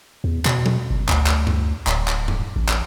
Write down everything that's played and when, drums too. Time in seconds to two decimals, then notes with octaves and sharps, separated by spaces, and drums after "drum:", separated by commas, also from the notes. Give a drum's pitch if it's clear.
0.24 E2
0.45 B2, drum: clap
0.66 drum: tom F#3
0.90 G1
1.09 D2, drum: clap
1.27 drum: clap
1.47 drum: tom G2
1.87 D1, drum: clap
2.08 drum: clap
2.28 drum: tom G2
2.56 A1
2.69 drum: clap